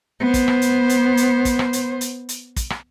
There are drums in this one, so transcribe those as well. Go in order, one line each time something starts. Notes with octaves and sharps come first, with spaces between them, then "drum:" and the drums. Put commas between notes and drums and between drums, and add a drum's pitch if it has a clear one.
B3 C5
drum: kick, hi-hat
drum: rim click
drum: hi-hat
drum: hi-hat
drum: hi-hat
drum: kick, hi-hat
drum: rim click
drum: hi-hat
drum: hi-hat
drum: hi-hat
drum: kick, hi-hat
drum: rim click